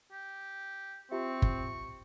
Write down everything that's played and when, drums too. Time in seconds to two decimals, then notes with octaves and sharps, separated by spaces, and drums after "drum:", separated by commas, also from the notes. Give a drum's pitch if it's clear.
0.12 G4
1.11 C4 F4 G4 E5 C#6
1.42 drum: kick G1